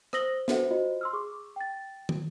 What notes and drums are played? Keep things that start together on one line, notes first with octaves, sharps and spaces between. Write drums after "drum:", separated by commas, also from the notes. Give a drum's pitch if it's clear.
C5 D#6 E6 A#6 F#7 G7, drum: rim click
D4 F#4 A4 C5 E5 F#5, drum: snare
F4 F#4 C5 D#5
C6 E6 F6
G#4 C#6 D6
G5 A6
drum: tom